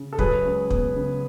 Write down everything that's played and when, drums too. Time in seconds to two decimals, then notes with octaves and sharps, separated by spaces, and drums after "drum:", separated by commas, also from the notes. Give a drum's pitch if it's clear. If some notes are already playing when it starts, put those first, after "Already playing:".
Already playing: C#3
0.13 A4
0.19 F#3 G#4 B4, drum: kick
0.45 C#2
0.70 B3, drum: kick
0.96 C#3